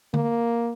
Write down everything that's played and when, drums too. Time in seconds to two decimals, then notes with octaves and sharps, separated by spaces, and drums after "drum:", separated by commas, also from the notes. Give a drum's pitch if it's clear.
0.14 A#3, drum: tom D3